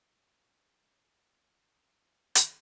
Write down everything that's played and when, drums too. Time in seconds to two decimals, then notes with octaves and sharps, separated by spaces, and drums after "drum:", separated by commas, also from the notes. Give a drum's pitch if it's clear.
0.24 C#5 F5 G5 A5 A#5 C6
2.35 drum: hi-hat